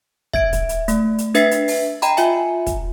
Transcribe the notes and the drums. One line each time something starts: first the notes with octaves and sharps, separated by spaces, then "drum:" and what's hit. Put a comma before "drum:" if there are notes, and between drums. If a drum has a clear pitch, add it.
E5 G#6 D7, drum: kick
drum: kick, hi-hat
drum: hi-hat
A3, drum: hi-hat
drum: hi-hat
D4 B4 E5 A6 B6 C7, drum: hi-hat
drum: hi-hat
drum: open hi-hat
D#5 G5 A#5 B5, drum: hi-hat
F4 E5 G#5, drum: hi-hat
drum: kick, hi-hat